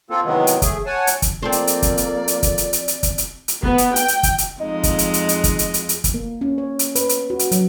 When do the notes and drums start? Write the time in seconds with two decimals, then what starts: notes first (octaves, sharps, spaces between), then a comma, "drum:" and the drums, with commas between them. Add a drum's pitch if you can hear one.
0.10 A#3 C4 F4 A4
0.25 C3 D#3 E3 F#3 G#3 B3
0.47 drum: hi-hat
0.62 A3 G#4, drum: kick, hi-hat
0.86 C#5 F#5 G#5 A5
1.07 drum: hi-hat
1.22 drum: kick, hi-hat
1.42 F2 A#3 C4 A4 C5 D5
1.52 drum: hi-hat
1.67 drum: hi-hat
1.82 drum: kick, hi-hat
1.97 drum: hi-hat
2.28 drum: hi-hat
2.43 drum: kick, hi-hat
2.58 drum: hi-hat
2.73 drum: hi-hat
2.88 drum: hi-hat
3.03 drum: kick, hi-hat
3.18 drum: hi-hat
3.48 drum: hi-hat
3.63 B3, drum: kick
3.78 drum: hi-hat
3.96 G5, drum: hi-hat
4.08 drum: hi-hat
4.23 drum: kick, hi-hat
4.38 drum: hi-hat
4.60 F2 G#3 D#4 D#5
4.83 drum: kick, hi-hat
4.99 drum: hi-hat
5.14 drum: hi-hat
5.29 drum: hi-hat
5.44 drum: kick, hi-hat
5.59 drum: hi-hat
5.74 drum: hi-hat
5.89 drum: hi-hat
6.04 drum: kick, hi-hat
6.14 A#3
6.41 C#4
6.58 C#5
6.79 drum: hi-hat
6.95 B4, drum: hi-hat
7.09 drum: hi-hat
7.30 F#4
7.39 drum: hi-hat
7.51 F#3, drum: hi-hat